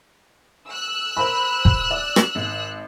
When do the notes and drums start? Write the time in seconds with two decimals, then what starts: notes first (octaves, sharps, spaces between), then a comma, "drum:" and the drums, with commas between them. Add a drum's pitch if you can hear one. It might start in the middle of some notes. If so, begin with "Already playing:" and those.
0.69 E6 F#6
1.17 A#4 C5 B5
1.65 drum: kick
1.91 D5
2.16 drum: rim click
2.35 G#1